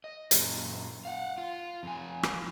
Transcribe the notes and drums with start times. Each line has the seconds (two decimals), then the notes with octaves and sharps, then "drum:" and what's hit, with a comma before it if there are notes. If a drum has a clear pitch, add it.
0.04 D#5
0.31 F#2 A#2, drum: hi-hat
1.05 F5 F#5
1.38 F4
1.83 F2 G#5
2.23 drum: rim click